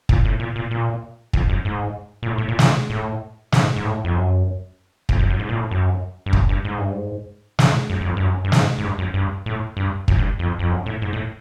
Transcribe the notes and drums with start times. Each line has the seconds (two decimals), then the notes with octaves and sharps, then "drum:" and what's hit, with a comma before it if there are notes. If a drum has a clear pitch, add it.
0.09 A#2, drum: kick
0.25 A2
0.40 A#2
0.56 A#2
0.71 A#2
1.33 F2, drum: kick
1.50 F#2
1.65 G#2
2.23 A#2
2.27 A2
2.38 A2
2.48 A#2
2.59 A#2, drum: snare
2.90 A2
3.52 G#2, drum: snare
3.76 G#2
3.84 A2
4.04 F2
4.15 F#2
5.09 F2, drum: kick
5.19 F#2
5.30 F#2
5.39 G#2
5.49 A#2
5.56 A2
5.71 F#2
6.26 G2
6.33 F#2, drum: kick
6.49 G2
6.65 G#2
6.78 G2
6.92 G#2
7.59 A2, drum: snare
7.90 F#2
8.01 F#2
8.05 F2
8.17 G2
8.21 F#2
8.44 G2
8.52 G#2, drum: snare
8.78 G#2
8.83 G2
8.99 F#2
9.14 G2
9.46 A2
9.77 G2
10.08 F#2, drum: kick
10.19 G2
10.39 F2
10.59 F2
10.71 F#2
10.86 A2
11.02 G#2
11.13 A2